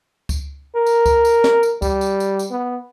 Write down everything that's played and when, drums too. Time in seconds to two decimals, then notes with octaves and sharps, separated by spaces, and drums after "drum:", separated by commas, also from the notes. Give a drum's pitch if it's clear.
0.29 drum: kick C#2, tambourine
0.76 A#4
0.87 drum: tambourine
1.06 drum: kick C#2, tambourine
1.25 drum: tambourine
1.44 drum: snare
1.63 drum: tambourine
1.82 G3, drum: kick C#2, tambourine
2.01 drum: tambourine
2.20 drum: tambourine
2.39 drum: tambourine
2.51 B3